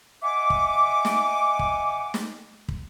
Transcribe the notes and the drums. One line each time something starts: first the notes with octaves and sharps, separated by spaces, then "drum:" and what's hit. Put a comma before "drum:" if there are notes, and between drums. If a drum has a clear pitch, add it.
D#5 E5 F#5 G#5 D6
drum: kick
drum: snare
drum: kick
drum: snare
drum: kick